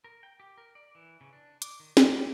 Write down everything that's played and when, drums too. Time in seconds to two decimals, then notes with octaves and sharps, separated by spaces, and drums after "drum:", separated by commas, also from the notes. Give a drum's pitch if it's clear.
0.04 A#4
0.23 G5
0.40 G4
0.58 A#4
0.75 D5
0.95 E3
1.21 C#3
1.33 D4
1.62 D6, drum: hi-hat
1.80 D#3
1.97 G4, drum: snare